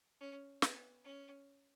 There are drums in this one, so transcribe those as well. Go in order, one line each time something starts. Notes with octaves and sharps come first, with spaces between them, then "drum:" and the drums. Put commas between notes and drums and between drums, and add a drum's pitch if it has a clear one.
C#4
B3, drum: snare
C#4